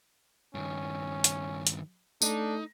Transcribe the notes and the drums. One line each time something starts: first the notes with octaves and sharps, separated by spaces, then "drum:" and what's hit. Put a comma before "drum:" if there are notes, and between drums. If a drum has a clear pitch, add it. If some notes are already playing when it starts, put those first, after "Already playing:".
G2 D#3 C#4
drum: hi-hat
drum: hi-hat
A3 D4 D#4, drum: tambourine